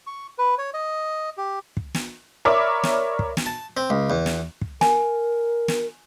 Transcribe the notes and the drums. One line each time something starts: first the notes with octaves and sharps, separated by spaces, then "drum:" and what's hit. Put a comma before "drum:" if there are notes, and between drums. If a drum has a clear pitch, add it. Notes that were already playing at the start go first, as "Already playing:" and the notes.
C#6
B4
C#5
D#5
G4
drum: kick
drum: snare
A#4 C#5 D5 E5 B5 D6
drum: snare
drum: kick
drum: snare
A5
C4
C#2
E2
drum: snare
drum: kick
A#4 G#5, drum: snare
drum: snare